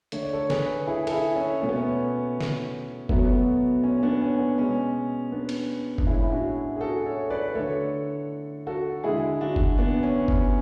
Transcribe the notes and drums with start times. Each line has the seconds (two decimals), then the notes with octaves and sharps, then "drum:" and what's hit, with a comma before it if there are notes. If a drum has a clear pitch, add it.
0.12 D3 A3 C#5, drum: hi-hat
0.23 D5
0.33 A4 C#5
0.50 G#4 B4, drum: snare
0.87 E4 G#4
1.07 A4, drum: cymbal
1.11 E4 G#4
1.36 C#4
1.61 B2 A3 C#4
1.69 B3
1.76 C#4
2.40 drum: snare
3.09 B2 F#3 A3 B3, drum: kick F#1
3.84 C#4
4.03 B3 D4
4.21 C#4
4.39 B3
4.58 B2 G#3 C#4
5.32 B3 D4
5.49 drum: cymbal
5.98 D4, drum: kick F#1
6.06 A2 G#3 C#4 E4
6.20 E4
6.32 D4 F#4
6.76 G#4
6.81 F#4 A4
7.06 A4 C#5
7.30 B4 D5
7.55 D3 A3 A4 C#5
8.67 F#4 A4
9.04 D3 G#3 E4 G#4
9.41 D4 F#4
9.56 drum: kick F#1
9.78 B3 D4
10.03 C#4
10.28 C#4, drum: kick F#1